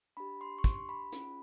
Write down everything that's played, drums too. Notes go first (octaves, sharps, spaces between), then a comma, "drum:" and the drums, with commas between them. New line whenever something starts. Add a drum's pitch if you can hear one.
D4 G4 B5
C6
C#6
C6, drum: kick, hi-hat
B5
C#4 F4 G#4, drum: hi-hat